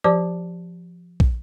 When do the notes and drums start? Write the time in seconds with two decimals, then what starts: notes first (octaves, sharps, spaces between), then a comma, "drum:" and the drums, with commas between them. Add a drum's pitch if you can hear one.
0.04 F3 G4 C5 D5 A5 D6
1.20 drum: kick